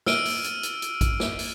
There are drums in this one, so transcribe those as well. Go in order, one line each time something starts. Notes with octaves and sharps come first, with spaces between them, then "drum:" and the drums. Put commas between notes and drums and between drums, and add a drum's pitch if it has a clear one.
E6 F6 D7 D#7, drum: snare
drum: open hi-hat
drum: hi-hat
drum: hi-hat
drum: hi-hat
drum: kick A#1, hi-hat
drum: snare
drum: open hi-hat